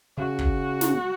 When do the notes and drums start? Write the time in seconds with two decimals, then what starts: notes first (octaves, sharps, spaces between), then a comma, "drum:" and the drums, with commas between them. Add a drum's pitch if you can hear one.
0.17 C#3 F#4
0.39 drum: kick
0.81 drum: snare